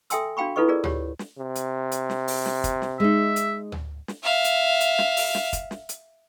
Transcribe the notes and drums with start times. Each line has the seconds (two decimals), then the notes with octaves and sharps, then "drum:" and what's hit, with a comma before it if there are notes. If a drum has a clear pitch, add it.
0.10 A4 E5 G5 G#5 C6 E6, drum: hi-hat
0.37 D4 F#4 F5 G5 B5 C#6
0.56 E4 F4 A4 B4 D#5 C#6
0.68 F4 G#4 A#4 D5
0.84 F4 G4 C#5, drum: tom D2
1.19 drum: snare
1.38 C3
1.55 drum: hi-hat
1.92 drum: hi-hat
2.10 drum: snare
2.28 drum: open hi-hat
2.46 drum: snare
2.64 drum: kick, hi-hat
2.82 drum: snare
3.00 G#3 D#4 E5
3.36 drum: hi-hat
3.72 drum: tom D2
4.08 drum: snare
4.24 E5 F5
4.44 drum: hi-hat
4.80 drum: hi-hat
4.99 drum: snare
5.17 drum: open hi-hat
5.35 drum: snare
5.53 drum: kick, hi-hat
5.71 drum: snare
5.89 drum: hi-hat